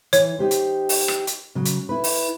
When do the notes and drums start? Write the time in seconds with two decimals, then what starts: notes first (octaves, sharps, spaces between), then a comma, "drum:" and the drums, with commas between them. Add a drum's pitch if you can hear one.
0.13 E3 C#5, drum: hi-hat
0.39 D#4 G4 C5
0.51 drum: hi-hat
0.89 drum: open hi-hat
1.08 drum: rim click
1.27 drum: hi-hat
1.55 C#3 F#3
1.65 drum: hi-hat
1.89 E4 B4
2.04 drum: open hi-hat